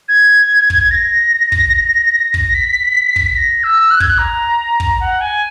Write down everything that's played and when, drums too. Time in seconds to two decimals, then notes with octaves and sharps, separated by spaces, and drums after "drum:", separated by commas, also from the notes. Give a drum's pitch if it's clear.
0.09 G#6
0.70 drum: kick
0.91 A#6
1.52 drum: kick
2.34 drum: kick
2.55 B6
3.16 drum: kick
3.36 A#6
3.63 E6
3.91 F#6
4.00 G#6, drum: kick
4.08 F#6
4.18 A#5
4.80 drum: kick
5.00 F#5
5.21 G#5